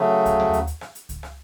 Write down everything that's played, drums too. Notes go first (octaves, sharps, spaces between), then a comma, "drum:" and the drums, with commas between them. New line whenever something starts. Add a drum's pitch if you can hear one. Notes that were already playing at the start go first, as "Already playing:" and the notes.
Already playing: C#3 F#3 A3
drum: kick C#2, hi-hat
drum: tom D#2
drum: hi-hat
drum: hi-hat
drum: rim click
drum: hi-hat
drum: kick C#2, hi-hat
drum: rim click